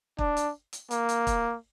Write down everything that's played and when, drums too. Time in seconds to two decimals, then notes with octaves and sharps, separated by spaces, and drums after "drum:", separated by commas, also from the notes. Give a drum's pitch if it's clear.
0.19 D4, drum: kick
0.37 drum: hi-hat
0.73 drum: hi-hat
0.91 A#3, drum: hi-hat
1.09 drum: hi-hat
1.27 drum: kick, hi-hat